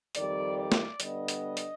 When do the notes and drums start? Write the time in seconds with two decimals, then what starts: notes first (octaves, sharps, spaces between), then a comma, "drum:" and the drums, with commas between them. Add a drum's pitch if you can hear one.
0.15 F2 D#3 G3 D5, drum: hi-hat
0.57 D5
0.72 drum: snare
1.00 D3 G3 B3 D4 D#5, drum: hi-hat
1.28 drum: hi-hat
1.57 drum: hi-hat